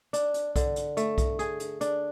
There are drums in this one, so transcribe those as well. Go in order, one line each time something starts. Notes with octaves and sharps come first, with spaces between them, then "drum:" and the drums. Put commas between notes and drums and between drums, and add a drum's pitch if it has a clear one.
D4, drum: hi-hat
drum: hi-hat
D3, drum: kick B1, hi-hat
drum: hi-hat
A3, drum: hi-hat
drum: kick B1, hi-hat
G#4, drum: hi-hat
drum: hi-hat
D4, drum: hi-hat